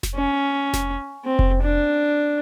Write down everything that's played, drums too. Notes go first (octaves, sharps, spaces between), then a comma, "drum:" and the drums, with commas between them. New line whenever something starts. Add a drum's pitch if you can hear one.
drum: snare F1
C#4
drum: snare F1
C4
drum: kick F1
D4